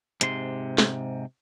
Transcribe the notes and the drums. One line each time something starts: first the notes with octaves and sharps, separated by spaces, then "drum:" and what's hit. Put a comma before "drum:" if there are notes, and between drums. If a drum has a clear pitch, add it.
G#2 C3 C6, drum: hi-hat
drum: snare